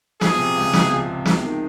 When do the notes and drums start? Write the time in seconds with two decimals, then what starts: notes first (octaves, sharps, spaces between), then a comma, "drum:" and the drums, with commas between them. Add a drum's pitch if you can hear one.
0.21 F3 G#4, drum: snare
0.39 C3
0.56 C#2
0.73 C#2, drum: snare
0.91 F3
1.08 C3
1.25 G#3, drum: snare
1.43 D#3